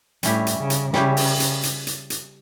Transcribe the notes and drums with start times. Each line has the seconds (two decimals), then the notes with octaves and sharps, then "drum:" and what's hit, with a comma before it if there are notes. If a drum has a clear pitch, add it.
0.23 A2 G3 C#4 E4 G4, drum: hi-hat
0.47 drum: hi-hat
0.59 C#3
0.70 drum: hi-hat
0.93 C#3 G3 C#4 E4 G4, drum: snare
1.17 drum: open hi-hat
1.40 drum: hi-hat
1.63 drum: hi-hat
1.87 drum: hi-hat
2.10 drum: hi-hat